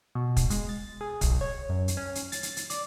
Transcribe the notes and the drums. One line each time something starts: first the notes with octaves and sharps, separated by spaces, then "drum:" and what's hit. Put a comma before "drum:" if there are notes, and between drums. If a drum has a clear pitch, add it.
B2
drum: kick, hi-hat
G#3, drum: hi-hat
A6
G#4
B1, drum: kick, hi-hat
C#5
F#2
drum: hi-hat
C#4
drum: hi-hat
A6, drum: hi-hat
drum: hi-hat
drum: hi-hat
D5, drum: hi-hat